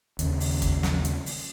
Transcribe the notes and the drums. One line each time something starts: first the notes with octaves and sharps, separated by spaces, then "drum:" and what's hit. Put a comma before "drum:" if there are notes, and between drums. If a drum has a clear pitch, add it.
D#2 C#3, drum: hi-hat
drum: open hi-hat
drum: kick, hi-hat
drum: snare
drum: hi-hat
drum: open hi-hat